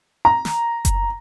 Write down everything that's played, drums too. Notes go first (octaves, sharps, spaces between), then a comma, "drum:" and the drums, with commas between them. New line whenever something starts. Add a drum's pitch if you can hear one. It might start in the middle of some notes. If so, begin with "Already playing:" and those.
A#5
drum: snare
drum: kick F#1, hi-hat